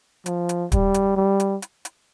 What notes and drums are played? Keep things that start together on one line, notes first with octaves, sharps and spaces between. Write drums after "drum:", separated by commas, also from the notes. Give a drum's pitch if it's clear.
F3, drum: hi-hat
drum: hi-hat
G3, drum: kick, hi-hat
drum: hi-hat
G3
drum: hi-hat
drum: hi-hat
drum: hi-hat